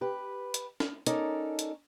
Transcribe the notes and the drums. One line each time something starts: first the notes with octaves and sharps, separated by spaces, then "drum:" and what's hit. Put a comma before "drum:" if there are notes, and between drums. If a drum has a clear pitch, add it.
G4 B4
drum: hi-hat
drum: snare
C#4 D#4 A4 A#4 D5, drum: hi-hat
drum: hi-hat